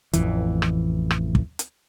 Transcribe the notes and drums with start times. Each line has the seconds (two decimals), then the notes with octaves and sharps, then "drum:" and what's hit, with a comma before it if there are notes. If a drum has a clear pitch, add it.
0.13 A1 F2 E3, drum: hi-hat
0.62 drum: rim click
1.11 drum: rim click
1.35 drum: kick
1.59 drum: hi-hat